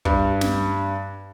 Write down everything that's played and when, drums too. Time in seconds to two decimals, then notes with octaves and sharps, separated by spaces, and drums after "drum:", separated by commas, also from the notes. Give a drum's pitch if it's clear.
0.05 G2, drum: kick
0.41 drum: snare